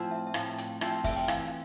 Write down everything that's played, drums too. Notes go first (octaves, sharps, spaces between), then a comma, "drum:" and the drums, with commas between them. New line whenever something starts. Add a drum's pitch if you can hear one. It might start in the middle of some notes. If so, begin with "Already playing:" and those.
Already playing: A2 F3 C4 E4
E5
E5
A2 F5, drum: rim click
G5, drum: hi-hat
F3 C4 E4 E5, drum: rim click
E5, drum: kick, open hi-hat
G5
E3 F5, drum: rim click